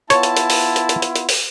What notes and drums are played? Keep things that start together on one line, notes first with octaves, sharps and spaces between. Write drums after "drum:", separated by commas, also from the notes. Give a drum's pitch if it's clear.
B3 E4 F4 C#5 A5, drum: hi-hat
drum: hi-hat
drum: hi-hat
drum: open hi-hat
drum: hi-hat
drum: hi-hat
drum: hi-hat
drum: hi-hat
drum: open hi-hat